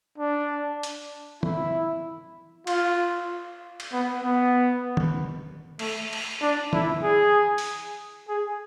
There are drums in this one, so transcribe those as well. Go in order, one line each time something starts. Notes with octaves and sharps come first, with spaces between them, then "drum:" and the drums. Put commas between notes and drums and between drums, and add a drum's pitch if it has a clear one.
D4
drum: hi-hat
E4, drum: tom
F4, drum: cymbal
drum: cymbal
B3
B3
drum: tom
A3, drum: cymbal
drum: cymbal
D4
E4, drum: tom
G#4
drum: open hi-hat
G#4